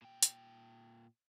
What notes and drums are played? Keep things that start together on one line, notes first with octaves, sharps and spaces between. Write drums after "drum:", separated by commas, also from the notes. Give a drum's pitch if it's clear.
A#2 G5
drum: hi-hat